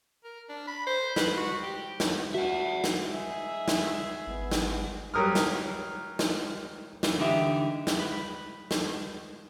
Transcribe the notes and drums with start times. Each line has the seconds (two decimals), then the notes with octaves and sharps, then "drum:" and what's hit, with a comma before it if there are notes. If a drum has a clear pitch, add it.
0.24 A#4
0.49 D4
0.67 B5
0.87 C5
1.16 B4, drum: snare
1.37 F#4
1.63 G4
2.00 drum: snare
2.34 F#4 E5 F#5
2.84 drum: snare
3.11 D#4 G#4 E5
3.68 drum: snare
4.27 G#1 B3
4.51 drum: snare
5.14 F#3 G3 A#4 D#6 F6
5.35 drum: snare
6.19 drum: snare
7.03 drum: snare
7.17 D3 E3 D#4 G4 E5
7.87 drum: snare
8.00 B4
8.71 drum: snare